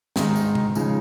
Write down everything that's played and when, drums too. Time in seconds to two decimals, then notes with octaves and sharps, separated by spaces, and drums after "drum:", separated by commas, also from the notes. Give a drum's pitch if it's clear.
0.16 G#2 D#3 G#3 D#4, drum: snare
0.36 drum: tambourine
0.55 drum: tom C3
0.75 C#3 F3 G#3 D#4, drum: tambourine